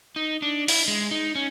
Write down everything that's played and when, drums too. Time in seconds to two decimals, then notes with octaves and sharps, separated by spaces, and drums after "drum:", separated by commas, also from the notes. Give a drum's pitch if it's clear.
0.16 D#4
0.42 D4
0.68 E4, drum: open hi-hat
0.88 G#3
1.11 D#4
1.35 C#4